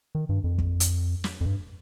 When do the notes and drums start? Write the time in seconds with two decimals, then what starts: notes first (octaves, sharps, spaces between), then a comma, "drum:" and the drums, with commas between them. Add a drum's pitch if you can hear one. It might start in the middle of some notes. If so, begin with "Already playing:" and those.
0.15 D#3
0.29 G2
0.44 F2
0.58 drum: kick
0.80 drum: hi-hat
1.24 drum: snare
1.41 F2
1.46 G2